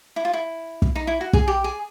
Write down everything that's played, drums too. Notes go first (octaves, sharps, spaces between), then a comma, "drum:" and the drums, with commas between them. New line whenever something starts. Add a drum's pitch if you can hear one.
E4
F4
E4
drum: kick
D#4
E4
F#4
G#4, drum: kick
G4
G#4